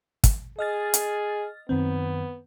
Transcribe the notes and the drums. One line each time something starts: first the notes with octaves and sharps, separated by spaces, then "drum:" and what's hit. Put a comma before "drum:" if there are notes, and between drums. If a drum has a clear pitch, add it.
drum: kick, hi-hat
G#4 D#5 F6 A6
drum: hi-hat
F#2 D#3 B3 C4